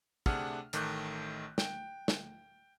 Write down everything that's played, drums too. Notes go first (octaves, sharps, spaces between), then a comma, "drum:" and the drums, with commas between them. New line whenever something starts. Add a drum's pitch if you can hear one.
C3 A3 D4 G#4 F#5 F6, drum: kick
A1 D#3 A3 D6 F#6 G6, drum: hi-hat
G5, drum: snare
drum: snare